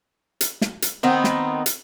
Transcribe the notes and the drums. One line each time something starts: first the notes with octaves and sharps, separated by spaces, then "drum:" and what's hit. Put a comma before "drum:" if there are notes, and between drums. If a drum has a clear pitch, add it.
drum: hi-hat
drum: snare
drum: hi-hat
D#3 B3 C4 D#4
drum: snare
drum: hi-hat